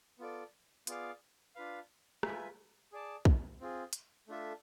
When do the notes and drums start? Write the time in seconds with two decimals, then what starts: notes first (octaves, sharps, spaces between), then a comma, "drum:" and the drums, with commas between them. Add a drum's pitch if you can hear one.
0.19 B3 F4 A4 D5
0.87 B3 F4 G#4 D5 F5, drum: hi-hat
1.55 D4 F4 B4 F5
2.23 F4 B4 E5 G#5, drum: rim click
2.92 G#4 D5 A5
3.25 drum: kick
3.60 C4 F4 G#4
3.93 drum: hi-hat
4.28 A3 D4 F4 A4 E5